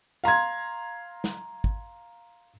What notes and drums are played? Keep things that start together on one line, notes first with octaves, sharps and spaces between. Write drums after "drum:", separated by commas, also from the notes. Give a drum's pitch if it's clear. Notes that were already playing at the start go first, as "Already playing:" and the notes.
F5 A#5 C6 G#6
drum: snare
drum: kick